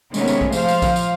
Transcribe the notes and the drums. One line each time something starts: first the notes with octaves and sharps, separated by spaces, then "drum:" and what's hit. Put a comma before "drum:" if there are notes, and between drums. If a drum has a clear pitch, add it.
C3 D#3 G#3 A3 B3 C#4, drum: tambourine
drum: tambourine
drum: kick A#1
F3 C5 F5, drum: tambourine
drum: tambourine
drum: kick A#1, tambourine
drum: tambourine